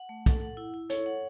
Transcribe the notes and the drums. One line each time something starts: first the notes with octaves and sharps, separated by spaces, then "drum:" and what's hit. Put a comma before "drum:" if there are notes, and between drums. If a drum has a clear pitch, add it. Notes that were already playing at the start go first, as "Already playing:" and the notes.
Already playing: F#5
A3
A4, drum: kick, hi-hat
F#5
E4
E4
A4 C#5, drum: hi-hat
F#5